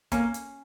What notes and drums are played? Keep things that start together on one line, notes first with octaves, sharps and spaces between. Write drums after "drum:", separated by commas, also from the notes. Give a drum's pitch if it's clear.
A#3 C#4, drum: kick, hi-hat
drum: hi-hat